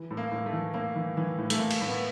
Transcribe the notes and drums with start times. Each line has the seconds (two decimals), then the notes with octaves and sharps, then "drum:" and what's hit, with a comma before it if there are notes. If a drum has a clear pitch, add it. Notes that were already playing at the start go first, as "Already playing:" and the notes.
Already playing: E3
0.11 A2
0.17 A#3
0.32 A2
0.46 A3
0.53 E3
0.74 A2 A#3
0.96 E3
1.17 E3
1.39 A2
1.50 A3, drum: hi-hat
1.59 A2 A#3
1.71 drum: cymbal
1.81 A2
1.87 B3